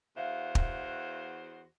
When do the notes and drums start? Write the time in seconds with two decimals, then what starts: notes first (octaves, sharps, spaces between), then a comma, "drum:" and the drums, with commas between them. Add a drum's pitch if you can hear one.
0.17 E2 F#4 C5 E5 F5
0.55 drum: kick